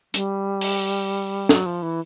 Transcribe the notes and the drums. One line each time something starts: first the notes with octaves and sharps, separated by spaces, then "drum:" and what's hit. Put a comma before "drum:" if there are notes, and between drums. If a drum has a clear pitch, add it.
G3, drum: hi-hat
drum: open hi-hat
F#3, drum: snare
F3
E3